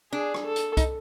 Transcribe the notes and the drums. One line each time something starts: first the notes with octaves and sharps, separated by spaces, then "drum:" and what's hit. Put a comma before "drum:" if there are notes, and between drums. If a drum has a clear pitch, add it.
D4 G#4
drum: rim click
A4
drum: hi-hat
D#4, drum: kick C2, hi-hat